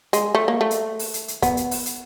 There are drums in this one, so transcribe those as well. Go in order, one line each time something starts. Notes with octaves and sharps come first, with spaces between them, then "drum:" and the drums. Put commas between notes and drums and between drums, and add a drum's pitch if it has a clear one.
G#3, drum: hi-hat
A3
A#3
A3
drum: hi-hat
drum: open hi-hat
drum: hi-hat
drum: hi-hat
B3, drum: kick, hi-hat
drum: hi-hat
drum: open hi-hat
drum: hi-hat